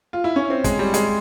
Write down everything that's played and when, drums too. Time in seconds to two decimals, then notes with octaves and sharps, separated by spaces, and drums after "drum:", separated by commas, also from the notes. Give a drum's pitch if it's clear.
0.13 F4
0.24 E4
0.36 C#4
0.50 C4
0.64 G#3, drum: kick, hi-hat
0.79 G3
0.94 G#3, drum: hi-hat